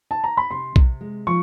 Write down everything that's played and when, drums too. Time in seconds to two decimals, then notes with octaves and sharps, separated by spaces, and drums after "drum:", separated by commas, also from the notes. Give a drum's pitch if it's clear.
0.11 A5
0.24 A#5
0.37 B5
0.51 C3 C6
0.76 C3, drum: kick
1.01 G#3
1.27 F3 C#6